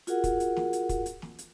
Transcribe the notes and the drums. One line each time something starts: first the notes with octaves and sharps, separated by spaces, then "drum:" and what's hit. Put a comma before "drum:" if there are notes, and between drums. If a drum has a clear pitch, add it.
F4 F#4 G#4 A#4 F#5, drum: hi-hat
drum: kick, hi-hat
drum: hi-hat
drum: snare
drum: hi-hat
drum: kick, hi-hat
drum: hi-hat
drum: snare
drum: hi-hat